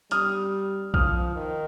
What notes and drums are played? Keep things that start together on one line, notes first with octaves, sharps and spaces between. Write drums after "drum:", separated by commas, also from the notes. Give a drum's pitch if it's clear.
G3 D#6 F6, drum: hi-hat
F3 D#6 F6, drum: kick B1
D#3